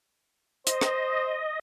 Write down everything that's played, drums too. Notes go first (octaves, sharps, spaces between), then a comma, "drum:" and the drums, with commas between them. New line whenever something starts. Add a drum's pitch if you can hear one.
C5 D#5, drum: hi-hat
drum: rim click